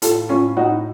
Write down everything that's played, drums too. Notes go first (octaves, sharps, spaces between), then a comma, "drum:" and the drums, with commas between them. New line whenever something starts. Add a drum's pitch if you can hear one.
A2 F4 A4, drum: hi-hat
A2 C#4 F4
A2 D#4 F#4